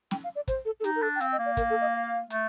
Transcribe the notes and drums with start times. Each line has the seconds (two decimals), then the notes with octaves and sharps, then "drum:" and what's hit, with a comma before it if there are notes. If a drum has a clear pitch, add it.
0.11 G5, drum: snare
0.24 F5
0.36 D5
0.48 C5, drum: kick, hi-hat
0.65 A4
0.80 A4
0.84 D#4 G4, drum: hi-hat
0.96 A#4
1.02 D4 A4
1.15 G5
1.21 C4 F5, drum: hi-hat
1.32 D#5
1.39 A#3
1.46 D5
1.57 A#4, drum: kick, hi-hat
1.70 A4
1.81 D#5
1.94 F5
2.30 A3, drum: hi-hat